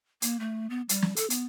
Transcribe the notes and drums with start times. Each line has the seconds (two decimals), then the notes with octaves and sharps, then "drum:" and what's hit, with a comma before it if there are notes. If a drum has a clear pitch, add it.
0.22 A#3, drum: hi-hat
0.40 A3
0.70 B3
0.89 G3, drum: hi-hat
1.02 drum: snare
1.16 A4, drum: hi-hat
1.30 B3, drum: hi-hat